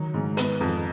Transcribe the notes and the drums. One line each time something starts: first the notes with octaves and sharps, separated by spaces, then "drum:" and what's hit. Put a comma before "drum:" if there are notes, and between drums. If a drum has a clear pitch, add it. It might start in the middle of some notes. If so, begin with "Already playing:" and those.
Already playing: D#3 F#3 D#4
G#2
B3, drum: hi-hat
F2